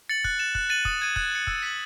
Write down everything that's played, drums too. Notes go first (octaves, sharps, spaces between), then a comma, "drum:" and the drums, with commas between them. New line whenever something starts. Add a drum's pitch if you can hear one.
A6 C#7 F#7
F#6, drum: kick
A6 E7
F#6, drum: kick
A6 D#7 F#7
D#6, drum: kick
G#6 D#7
F#6, drum: kick
C#7 E7
E6, drum: kick
B6 D#7 F#7